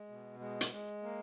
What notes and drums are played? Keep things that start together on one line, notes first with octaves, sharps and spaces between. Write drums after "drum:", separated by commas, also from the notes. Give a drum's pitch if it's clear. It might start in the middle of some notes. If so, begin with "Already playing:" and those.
Already playing: G#3
B2
G#3
drum: hi-hat
G#3
A#3